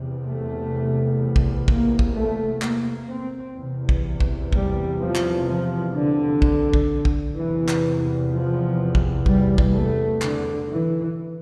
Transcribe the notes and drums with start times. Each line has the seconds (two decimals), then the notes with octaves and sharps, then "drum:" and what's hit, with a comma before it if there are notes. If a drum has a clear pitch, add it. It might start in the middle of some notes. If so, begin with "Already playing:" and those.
Already playing: E2 C3
0.25 A3
1.36 drum: kick
1.68 A#3, drum: kick
1.99 drum: kick
2.15 A3
2.62 A#3, drum: clap
3.10 C4
3.57 E2 C3
3.89 drum: kick
4.20 drum: kick
4.53 G3, drum: kick
4.99 F3
5.15 drum: clap
5.47 F3
5.95 D3
6.42 drum: kick
6.74 drum: kick
7.05 drum: kick
7.37 E2 C3 E3
7.68 drum: clap
8.31 F3
8.95 drum: kick
9.26 G3, drum: kick
9.58 drum: kick
9.74 A3
10.22 D3, drum: clap
10.69 E3